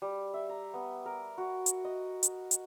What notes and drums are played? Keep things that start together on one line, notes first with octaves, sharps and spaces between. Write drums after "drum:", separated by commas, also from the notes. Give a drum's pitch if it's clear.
G3
E5
A#5
B3
A#4
F#4
drum: hi-hat
D#5
drum: hi-hat
drum: hi-hat